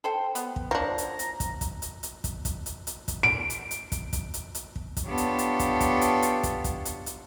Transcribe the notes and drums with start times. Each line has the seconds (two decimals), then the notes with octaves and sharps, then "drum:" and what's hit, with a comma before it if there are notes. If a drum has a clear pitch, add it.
0.04 A4 C5 G5
0.35 B3, drum: hi-hat
0.56 drum: kick
0.71 F3 D4 C#5 A#5
0.98 drum: hi-hat
1.19 drum: hi-hat
1.40 drum: kick, hi-hat
1.61 drum: kick, hi-hat
1.82 drum: hi-hat
2.03 drum: hi-hat
2.24 drum: kick, hi-hat
2.45 drum: kick, hi-hat
2.66 drum: hi-hat
2.87 drum: hi-hat
3.08 drum: kick, hi-hat
3.23 D7
3.50 drum: hi-hat
3.71 drum: hi-hat
3.92 drum: kick, hi-hat
4.13 drum: kick, hi-hat
4.34 drum: hi-hat
4.55 drum: hi-hat
4.76 drum: kick
4.97 drum: kick, hi-hat
5.07 B3 D4 F4 G4 A4 C#5
5.18 drum: hi-hat
5.39 drum: hi-hat
5.59 drum: kick, hi-hat
5.80 drum: kick, hi-hat
6.01 drum: hi-hat
6.22 drum: hi-hat
6.43 drum: kick, hi-hat
6.64 drum: kick, hi-hat
6.85 drum: hi-hat
7.06 drum: hi-hat